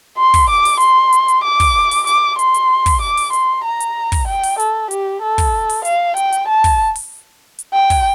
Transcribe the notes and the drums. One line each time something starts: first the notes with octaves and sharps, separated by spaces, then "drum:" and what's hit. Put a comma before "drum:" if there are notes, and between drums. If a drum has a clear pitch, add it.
C6
drum: kick, open hi-hat
D6
drum: open hi-hat
C6, drum: hi-hat
drum: hi-hat
drum: hi-hat
D6
drum: kick, open hi-hat
drum: open hi-hat
D6, drum: hi-hat
C6, drum: hi-hat
drum: hi-hat
drum: kick, open hi-hat
D6
drum: open hi-hat
C6, drum: hi-hat
A#5
drum: hi-hat
drum: kick, open hi-hat
G5
drum: open hi-hat
A4, drum: hi-hat
G4, drum: hi-hat
A4
drum: kick, open hi-hat
drum: open hi-hat
F5, drum: hi-hat
G5, drum: hi-hat
drum: hi-hat
A5
drum: kick, open hi-hat
drum: open hi-hat
drum: hi-hat
G5
drum: kick, open hi-hat